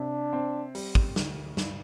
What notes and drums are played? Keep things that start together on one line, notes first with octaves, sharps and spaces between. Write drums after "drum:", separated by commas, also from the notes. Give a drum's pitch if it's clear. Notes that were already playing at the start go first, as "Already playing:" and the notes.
Already playing: C3 D4
C4
G3, drum: open hi-hat
drum: kick
D2, drum: snare
G2, drum: snare